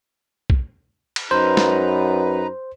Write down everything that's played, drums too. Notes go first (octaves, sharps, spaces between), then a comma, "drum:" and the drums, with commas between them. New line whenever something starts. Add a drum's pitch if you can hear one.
drum: kick B1
drum: cymbal
F#2 D#4 B4 C5 A#5
drum: snare